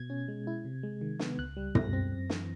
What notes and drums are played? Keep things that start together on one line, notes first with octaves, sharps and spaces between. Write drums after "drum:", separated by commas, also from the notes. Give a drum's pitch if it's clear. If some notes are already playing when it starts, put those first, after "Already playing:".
Already playing: B2 G#6
C#4
G#3
E4
C3
G#3
D#3
B3, drum: snare
C#2 F#6
G3
B2 A#6, drum: tom
C4
F#2
E3, drum: snare